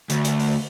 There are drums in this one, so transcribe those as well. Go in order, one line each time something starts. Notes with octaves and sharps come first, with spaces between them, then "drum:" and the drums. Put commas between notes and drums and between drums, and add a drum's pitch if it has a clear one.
D2, drum: hi-hat
drum: hi-hat
drum: open hi-hat